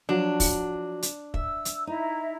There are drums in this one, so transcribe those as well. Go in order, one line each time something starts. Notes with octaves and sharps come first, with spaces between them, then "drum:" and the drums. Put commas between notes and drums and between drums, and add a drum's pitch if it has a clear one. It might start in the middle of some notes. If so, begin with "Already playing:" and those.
F3 F#3 D4 F#4
drum: kick, open hi-hat
drum: hi-hat
E5 E6, drum: kick
drum: hi-hat
D#4 E4 E5 A#5